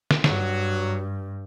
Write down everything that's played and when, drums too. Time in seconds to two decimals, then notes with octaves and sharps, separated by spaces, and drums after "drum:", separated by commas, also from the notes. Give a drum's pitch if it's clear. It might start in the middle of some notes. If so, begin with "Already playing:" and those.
0.11 drum: snare
0.24 G2 F#3 F#4, drum: snare